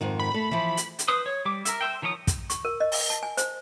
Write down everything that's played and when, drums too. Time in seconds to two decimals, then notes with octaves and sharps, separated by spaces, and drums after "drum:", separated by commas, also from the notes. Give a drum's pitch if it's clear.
0.01 F2 G#2 D#3
0.20 B5
0.34 A3
0.51 E3 F3
0.77 drum: hi-hat
0.99 drum: hi-hat
1.08 B4 C5 D#6
1.26 C#5
1.45 G3 D6
1.65 A#4 E5, drum: hi-hat
1.81 C5 E5 G5
2.02 D#3 F3 C#5 D#5 D#6
2.27 drum: kick, hi-hat
2.50 C#6, drum: hi-hat
2.65 A#4
2.80 D#5
2.92 drum: open hi-hat
3.10 A5
3.23 G#5
3.37 C5, drum: hi-hat